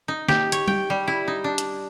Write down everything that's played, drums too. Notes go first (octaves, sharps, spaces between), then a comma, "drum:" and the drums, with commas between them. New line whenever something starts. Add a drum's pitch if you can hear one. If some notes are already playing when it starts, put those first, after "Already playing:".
D#4
G4, drum: snare
C#5, drum: hi-hat
G5, drum: tom G3
G3
E4
D#4
D4
drum: hi-hat